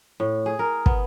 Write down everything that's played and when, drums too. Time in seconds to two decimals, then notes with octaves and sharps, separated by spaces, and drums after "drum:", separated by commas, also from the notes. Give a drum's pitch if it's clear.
0.20 A2
0.46 G#4
0.59 A#4
0.86 B3, drum: kick